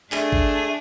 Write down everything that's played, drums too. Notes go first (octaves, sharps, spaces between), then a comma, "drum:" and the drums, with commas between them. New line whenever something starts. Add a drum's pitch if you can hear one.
A3 D4 G#4, drum: clap
drum: kick